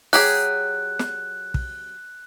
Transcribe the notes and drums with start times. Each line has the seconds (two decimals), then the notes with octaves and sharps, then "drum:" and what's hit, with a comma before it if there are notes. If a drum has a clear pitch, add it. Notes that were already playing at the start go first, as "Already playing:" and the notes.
0.13 F#3 G4 G#4 F#6, drum: open hi-hat
0.99 drum: snare
1.54 drum: kick